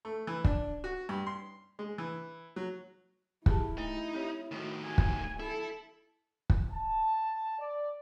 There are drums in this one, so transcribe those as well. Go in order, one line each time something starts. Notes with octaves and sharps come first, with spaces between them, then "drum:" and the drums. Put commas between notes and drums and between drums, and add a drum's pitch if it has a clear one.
A3
E3
D4, drum: kick
F#4
G2
C6
G#3
E3
F#3
E4 G4 G#4 A5, drum: kick
A3 D#4
C4 G4 C#5
A2 D#3 A3 F#4
F#4 G#5
drum: kick
E4 A4
drum: kick
A5
D5